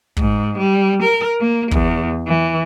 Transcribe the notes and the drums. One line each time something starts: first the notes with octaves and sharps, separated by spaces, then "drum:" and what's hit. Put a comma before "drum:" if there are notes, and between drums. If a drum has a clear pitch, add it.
G#2, drum: kick
G3
A#4
A#3
E2, drum: kick
E3